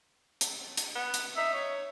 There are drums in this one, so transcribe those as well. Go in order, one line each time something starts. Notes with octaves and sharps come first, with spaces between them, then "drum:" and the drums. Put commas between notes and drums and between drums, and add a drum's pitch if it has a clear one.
drum: hi-hat
drum: hi-hat
B3
drum: hi-hat
D#4 E5
C#5